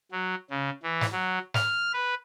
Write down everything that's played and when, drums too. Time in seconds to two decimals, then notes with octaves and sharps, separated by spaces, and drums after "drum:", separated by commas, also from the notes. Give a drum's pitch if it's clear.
0.12 F#3
0.51 C#3
0.83 E3
1.01 drum: snare
1.12 F#3
1.54 F6, drum: snare
1.93 B4